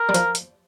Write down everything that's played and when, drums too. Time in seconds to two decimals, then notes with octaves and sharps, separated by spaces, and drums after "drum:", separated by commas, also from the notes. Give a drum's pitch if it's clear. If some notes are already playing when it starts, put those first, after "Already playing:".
Already playing: A#4
0.09 G3
0.14 F3, drum: hi-hat
0.35 drum: hi-hat